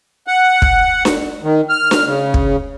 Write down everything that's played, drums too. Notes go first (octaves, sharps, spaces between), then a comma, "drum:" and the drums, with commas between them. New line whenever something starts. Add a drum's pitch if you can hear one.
F#5
drum: kick
drum: snare D4
D#3
F6
drum: snare D4
C#3
drum: kick